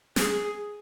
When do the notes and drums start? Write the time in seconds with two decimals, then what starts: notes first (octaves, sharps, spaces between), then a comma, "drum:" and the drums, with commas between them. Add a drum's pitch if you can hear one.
0.16 G#4, drum: snare